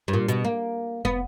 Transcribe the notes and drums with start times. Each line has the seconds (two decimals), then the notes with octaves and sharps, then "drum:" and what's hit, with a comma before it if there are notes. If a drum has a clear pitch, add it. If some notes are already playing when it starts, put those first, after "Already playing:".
0.08 G2
0.13 A#2
0.28 B2, drum: hi-hat
0.44 A#3
1.05 B3, drum: kick